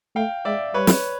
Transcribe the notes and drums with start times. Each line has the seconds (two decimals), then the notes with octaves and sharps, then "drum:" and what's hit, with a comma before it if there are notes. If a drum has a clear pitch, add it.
0.16 A3 F5 G5
0.45 G#3 D5 E5
0.74 G3 B4 C#5
0.87 drum: snare